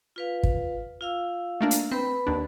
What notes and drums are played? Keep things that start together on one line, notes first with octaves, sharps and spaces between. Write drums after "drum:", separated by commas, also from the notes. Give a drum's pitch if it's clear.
F4 B4 F5
drum: kick
F4 F5 E6
A3 A#3 D4
drum: hi-hat
C4 B4 B5
D#2 D4